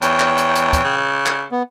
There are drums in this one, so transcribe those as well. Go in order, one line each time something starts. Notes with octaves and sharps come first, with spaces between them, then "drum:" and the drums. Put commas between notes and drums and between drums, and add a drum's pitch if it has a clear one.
E2 C#5 G5, drum: hi-hat
drum: clap
drum: hi-hat
drum: hi-hat
drum: kick, hi-hat
C#3
drum: clap
B3